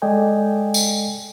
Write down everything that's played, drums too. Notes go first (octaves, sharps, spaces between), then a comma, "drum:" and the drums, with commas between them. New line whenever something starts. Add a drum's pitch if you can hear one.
G#3 A4 D5 D#5 G5 G#5
drum: tambourine